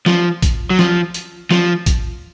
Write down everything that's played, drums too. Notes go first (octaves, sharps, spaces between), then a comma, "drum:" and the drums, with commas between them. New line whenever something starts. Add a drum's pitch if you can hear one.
F3, drum: snare
drum: kick A#1, hi-hat
F#3
F3, drum: snare
drum: hi-hat
F3, drum: snare
drum: kick A#1, hi-hat